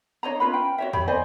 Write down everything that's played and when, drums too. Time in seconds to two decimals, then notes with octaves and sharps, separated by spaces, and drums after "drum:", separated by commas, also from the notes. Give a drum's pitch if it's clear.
0.23 D4 C#5 D#5 A#5
0.40 C#4 F4 B4 B5
0.54 G5
0.78 F#4 C#5 E5
0.93 G4 C#5 G5 B5, drum: tom F2
1.08 C5 D5 D#5 G#5